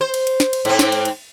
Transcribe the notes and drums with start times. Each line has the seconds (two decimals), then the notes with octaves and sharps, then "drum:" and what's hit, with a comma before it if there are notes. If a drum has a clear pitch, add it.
0.01 C5
0.14 drum: cymbal
0.27 drum: cymbal
0.40 drum: snare
0.53 drum: cymbal
0.65 G#2 C4, drum: cymbal
0.79 drum: snare
0.92 drum: cymbal
1.05 drum: cymbal